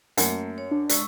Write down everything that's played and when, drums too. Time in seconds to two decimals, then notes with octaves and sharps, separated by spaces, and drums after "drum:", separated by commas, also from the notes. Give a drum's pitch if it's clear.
0.17 F#2 A3 A#3, drum: hi-hat
0.58 C#5
0.71 D4
0.89 G#3 C#6 E6, drum: hi-hat